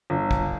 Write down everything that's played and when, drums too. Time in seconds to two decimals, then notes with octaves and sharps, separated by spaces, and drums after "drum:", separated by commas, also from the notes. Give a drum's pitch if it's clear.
0.10 G1
0.31 drum: kick